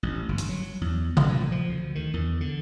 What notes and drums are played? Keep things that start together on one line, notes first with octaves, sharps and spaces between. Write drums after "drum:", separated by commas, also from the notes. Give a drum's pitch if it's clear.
A1
G1
drum: hi-hat
F#3
E2
A1, drum: tom C3
A#2
F3
D2
D#3
E2
D3